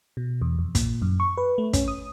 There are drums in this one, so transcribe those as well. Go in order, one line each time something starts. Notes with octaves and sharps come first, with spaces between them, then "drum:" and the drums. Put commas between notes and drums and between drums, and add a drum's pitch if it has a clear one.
B2
E2
F2
A#2, drum: kick, hi-hat
F#2
C#6
B4
A3
C#4, drum: kick, hi-hat
D#6